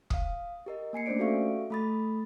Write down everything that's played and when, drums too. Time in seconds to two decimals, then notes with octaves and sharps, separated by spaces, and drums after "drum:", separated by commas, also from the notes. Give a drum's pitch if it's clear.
0.10 F5 D#6, drum: kick
0.66 G4 A#4 D#5
0.93 A#3 G#5 C7 C#7
1.06 A3 C#4 D4 C5 D5 D7
1.19 F#4 G4 A4 E5 F5 C#6
1.70 A3 A4 B5 D#6 A6